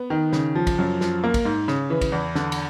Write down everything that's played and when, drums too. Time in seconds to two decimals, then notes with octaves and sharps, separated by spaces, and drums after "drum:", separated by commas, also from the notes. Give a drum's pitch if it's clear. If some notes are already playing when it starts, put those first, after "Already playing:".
Already playing: B3
0.10 D#3
0.33 C#3, drum: snare
0.55 F3
0.67 drum: kick, cymbal
0.79 F#2
1.01 F3, drum: snare
1.24 A#3
1.34 drum: kick, cymbal
1.45 G#2
1.68 C#3, drum: snare
1.90 E3
2.01 drum: kick, cymbal
2.12 E2
2.35 D3, drum: snare
2.52 drum: cymbal